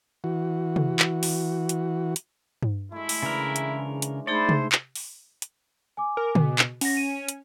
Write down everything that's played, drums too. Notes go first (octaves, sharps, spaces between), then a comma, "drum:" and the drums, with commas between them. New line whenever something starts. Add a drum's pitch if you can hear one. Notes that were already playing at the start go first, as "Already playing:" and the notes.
E3 F#4
drum: tom C3
drum: clap
drum: open hi-hat
drum: hi-hat
drum: hi-hat
drum: tom G2
G#3 A3 E4
drum: open hi-hat
C#3 E3 G#3 D4 A#4
drum: hi-hat
drum: hi-hat
A3 D#4 E4 G#4 C5 D5
drum: tom C3
drum: clap
drum: open hi-hat
drum: hi-hat
G#5 D6
A#4
B2, drum: tom C#3
drum: clap
C#4 F#5 A#6, drum: open hi-hat
D#7
drum: hi-hat